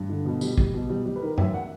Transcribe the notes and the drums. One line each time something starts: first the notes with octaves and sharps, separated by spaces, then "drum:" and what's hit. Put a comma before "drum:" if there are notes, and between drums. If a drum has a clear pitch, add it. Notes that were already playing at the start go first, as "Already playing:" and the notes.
Already playing: G2
D3
B2
G3, drum: tambourine
G3, drum: kick
B2
G3
G3
B4
D#3 A#4
F#2 E5, drum: tom F#2
F#5